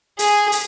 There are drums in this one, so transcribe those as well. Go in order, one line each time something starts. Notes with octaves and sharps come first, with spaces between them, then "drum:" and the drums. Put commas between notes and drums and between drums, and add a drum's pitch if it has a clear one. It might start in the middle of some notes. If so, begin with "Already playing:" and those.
G#4, drum: hi-hat
drum: hi-hat